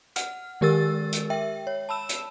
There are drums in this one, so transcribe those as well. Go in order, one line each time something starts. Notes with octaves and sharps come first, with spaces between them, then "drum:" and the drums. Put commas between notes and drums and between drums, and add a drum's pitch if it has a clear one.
F#5 F6, drum: hi-hat
D#3 G#3 G4 A#4 E6 A6
drum: hi-hat
E5 G5
C#5
A5 B5 E6 E7
drum: hi-hat